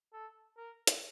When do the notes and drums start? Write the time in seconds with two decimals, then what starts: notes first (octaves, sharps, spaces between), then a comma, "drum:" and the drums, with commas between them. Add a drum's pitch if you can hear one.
0.13 A4
0.57 A#4
0.87 drum: hi-hat